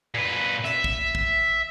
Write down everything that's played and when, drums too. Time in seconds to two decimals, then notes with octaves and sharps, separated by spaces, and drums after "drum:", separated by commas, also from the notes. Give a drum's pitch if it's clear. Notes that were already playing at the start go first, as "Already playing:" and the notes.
0.14 A#2 B4
0.64 E5, drum: snare
0.84 drum: kick
1.15 drum: kick